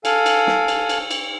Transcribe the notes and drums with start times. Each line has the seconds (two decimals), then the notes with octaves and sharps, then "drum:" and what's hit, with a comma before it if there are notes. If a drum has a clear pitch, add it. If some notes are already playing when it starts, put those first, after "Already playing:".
0.05 A4 F5 G#5, drum: cymbal
0.26 drum: cymbal
0.47 drum: snare
0.68 drum: cymbal
0.89 drum: cymbal
1.11 drum: cymbal